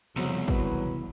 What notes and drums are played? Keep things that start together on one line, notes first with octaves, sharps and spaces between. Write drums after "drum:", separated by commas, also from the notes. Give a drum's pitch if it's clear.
C2 F2 C#3 F3 F#3 B3
E3 F#3 B4, drum: kick